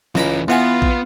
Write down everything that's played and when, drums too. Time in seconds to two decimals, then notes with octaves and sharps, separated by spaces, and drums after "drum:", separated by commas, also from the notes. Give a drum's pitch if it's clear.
0.15 C#2 E3 C#4 A#5 B5, drum: snare
0.48 E2 B3 F4 F#5 G#5
0.82 drum: kick A#1